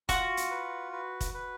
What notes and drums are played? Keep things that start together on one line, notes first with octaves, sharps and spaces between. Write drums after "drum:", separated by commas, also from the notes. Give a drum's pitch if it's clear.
F4 F#4, drum: kick, hi-hat
drum: hi-hat
B4
B4
drum: kick, hi-hat
B4